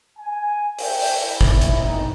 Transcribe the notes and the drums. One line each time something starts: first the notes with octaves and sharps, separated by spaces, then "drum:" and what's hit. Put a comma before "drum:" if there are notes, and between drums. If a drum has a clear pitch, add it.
G#5
G5, drum: open hi-hat
drum: open hi-hat
E4
drum: kick
drum: hi-hat
D#4